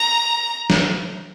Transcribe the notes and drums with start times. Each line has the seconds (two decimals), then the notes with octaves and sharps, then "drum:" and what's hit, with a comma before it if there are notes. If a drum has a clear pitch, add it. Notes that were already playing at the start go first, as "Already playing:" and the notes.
Already playing: A#5
0.70 drum: snare